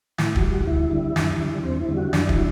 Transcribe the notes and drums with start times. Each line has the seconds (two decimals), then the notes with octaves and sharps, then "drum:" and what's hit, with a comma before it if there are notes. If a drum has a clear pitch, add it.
0.18 A2 E4, drum: snare
0.35 F#4, drum: kick
0.42 G3
0.51 F#4
0.67 D2 E4
0.91 D3 G3
1.16 F#2, drum: snare
1.40 D3 G3
1.64 E2 C4
1.80 E4
1.89 D3 G3
1.97 F#4
2.13 F#2 D4, drum: snare
2.29 E4, drum: kick
2.36 F#3